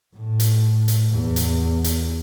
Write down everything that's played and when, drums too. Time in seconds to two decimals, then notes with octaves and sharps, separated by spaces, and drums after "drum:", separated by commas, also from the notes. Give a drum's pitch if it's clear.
0.16 A2
0.40 drum: hi-hat
0.88 drum: hi-hat
1.12 E2
1.36 drum: hi-hat
1.84 drum: hi-hat